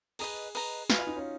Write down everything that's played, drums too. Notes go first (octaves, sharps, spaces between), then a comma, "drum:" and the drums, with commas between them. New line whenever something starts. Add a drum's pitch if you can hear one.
G#4 B4 D#5 A#5, drum: cymbal
B4 D#5 A#5, drum: cymbal
F#4 B4 F5 G#5, drum: snare
F4
D#4
C#4